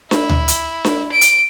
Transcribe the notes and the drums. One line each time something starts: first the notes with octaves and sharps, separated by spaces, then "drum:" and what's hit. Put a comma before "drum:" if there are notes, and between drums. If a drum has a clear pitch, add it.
E4, drum: snare D4
drum: tom D2
drum: hi-hat
drum: snare D4
D7
drum: hi-hat